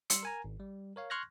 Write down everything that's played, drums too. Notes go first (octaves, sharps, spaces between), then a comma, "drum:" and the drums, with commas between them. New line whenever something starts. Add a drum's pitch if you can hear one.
G3 C6 E6 C#7, drum: hi-hat
A#4 G#5 A#5
G#1
G3
A#4 C#5 F5
C6 C#6 F6 F#6 G#6 A#6